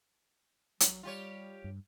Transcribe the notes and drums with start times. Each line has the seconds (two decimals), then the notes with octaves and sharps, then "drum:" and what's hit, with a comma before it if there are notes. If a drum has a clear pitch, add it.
0.80 F#3, drum: hi-hat
1.03 G3 F4 G4 C#5
1.64 G2